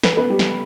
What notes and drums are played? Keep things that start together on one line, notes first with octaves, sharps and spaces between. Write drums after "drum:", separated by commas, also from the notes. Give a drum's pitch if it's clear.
B4, drum: snare
A4
B3 B4
G3 G4
drum: snare